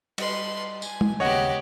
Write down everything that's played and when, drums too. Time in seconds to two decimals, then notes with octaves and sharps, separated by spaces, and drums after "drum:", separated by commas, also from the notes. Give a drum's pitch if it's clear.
0.18 G3 B4 D#5 C6, drum: cymbal
0.82 G#5, drum: tambourine
1.01 drum: tom
1.20 D#2 C#3 B3 G4 C#5 D#5 F#5 A#6